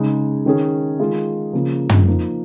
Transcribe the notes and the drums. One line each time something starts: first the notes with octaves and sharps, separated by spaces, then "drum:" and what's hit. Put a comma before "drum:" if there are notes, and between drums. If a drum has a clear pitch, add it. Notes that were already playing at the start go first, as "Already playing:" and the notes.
Already playing: C#3 G#3 D#4 G#4
D#3 C#4 G#4
D#3 G#3 F4 G#4
C#3 F3 A#3
drum: tom
F3 A#3 D#4